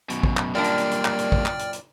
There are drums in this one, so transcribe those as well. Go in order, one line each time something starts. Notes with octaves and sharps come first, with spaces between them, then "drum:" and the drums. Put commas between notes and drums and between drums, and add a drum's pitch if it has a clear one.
F#2 B2, drum: hi-hat
drum: kick
drum: clap
F#2 A#2 G3 A#3 D4 D5 G5 F6
drum: hi-hat
drum: hi-hat
drum: hi-hat
drum: clap
drum: hi-hat
drum: kick
drum: clap
drum: hi-hat
drum: hi-hat